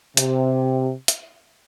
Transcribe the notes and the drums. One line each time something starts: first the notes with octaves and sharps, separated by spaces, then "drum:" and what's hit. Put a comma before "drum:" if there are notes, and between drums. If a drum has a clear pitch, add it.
C3, drum: hi-hat
drum: hi-hat